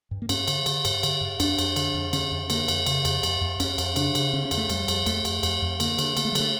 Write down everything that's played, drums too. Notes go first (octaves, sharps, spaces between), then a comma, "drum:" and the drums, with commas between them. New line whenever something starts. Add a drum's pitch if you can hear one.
G2
A#3
G2 C#4, drum: cymbal
D3, drum: cymbal
D3, drum: cymbal
G2, drum: cymbal
D3, drum: cymbal
G2
F2 D4, drum: cymbal
F2, drum: cymbal
D3, drum: cymbal
F2
D3 C#4, drum: cymbal
F2
D3 A#3, drum: cymbal
F2, drum: cymbal
C#3, drum: cymbal
F2, drum: cymbal
F2, drum: cymbal
F2
F2 C#4, drum: cymbal
F2, drum: cymbal
C#3 D4, drum: cymbal
C#3, drum: cymbal
D3 C#4
C#4
F2, drum: cymbal
A3
F2 G3, drum: cymbal
F2, drum: cymbal
F2 A3, drum: cymbal
F2, drum: cymbal
F2, drum: cymbal
F2
D3 A#3, drum: cymbal
D3, drum: cymbal
D3 A#3, drum: cymbal
A3
G3
D3 A3, drum: cymbal